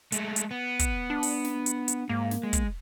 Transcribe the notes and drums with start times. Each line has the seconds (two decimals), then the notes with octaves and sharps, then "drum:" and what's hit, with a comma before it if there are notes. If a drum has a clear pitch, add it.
0.12 G#3 A3, drum: hi-hat
0.36 drum: hi-hat
0.51 B3
0.79 drum: kick, hi-hat
1.10 D4
1.23 drum: open hi-hat
1.44 drum: snare
1.66 drum: hi-hat
1.88 drum: hi-hat
2.09 G#2 A#3
2.31 drum: snare
2.43 G#3
2.53 drum: kick, hi-hat